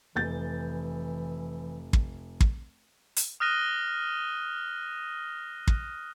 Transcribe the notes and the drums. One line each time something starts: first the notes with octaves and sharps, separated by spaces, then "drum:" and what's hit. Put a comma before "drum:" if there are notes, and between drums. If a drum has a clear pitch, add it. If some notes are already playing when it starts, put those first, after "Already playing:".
F1 E3 G6 A6
drum: kick
drum: kick
drum: hi-hat
D#6 F6 F#6 A#6 D#7 G7
drum: kick